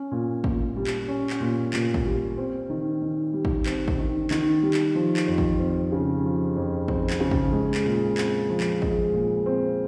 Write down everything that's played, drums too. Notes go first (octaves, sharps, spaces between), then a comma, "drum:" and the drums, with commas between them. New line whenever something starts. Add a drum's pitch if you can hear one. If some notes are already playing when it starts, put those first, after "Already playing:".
Already playing: C#4
A#2
A#2, drum: kick
G3
drum: clap
C#4
drum: clap
A#2
A#2, drum: clap
drum: kick
G3
C4
D#3
D#3
G3
drum: kick
C4, drum: clap
drum: kick
D#3
D#3, drum: clap
G3
drum: clap
F3
drum: clap
F2
drum: kick
C4
C#3
F3
F2
C4, drum: kick
drum: clap
C#3
drum: kick
G#3
drum: clap
A#2
C4, drum: clap
F3
drum: clap
G#3, drum: kick
A#2
C4